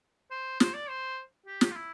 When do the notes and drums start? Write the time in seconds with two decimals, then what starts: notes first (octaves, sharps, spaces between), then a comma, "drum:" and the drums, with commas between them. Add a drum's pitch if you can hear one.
0.31 C5
0.60 C5, drum: snare
0.74 D5
0.90 C5
1.46 G4
1.61 drum: snare
1.71 F4
1.76 E4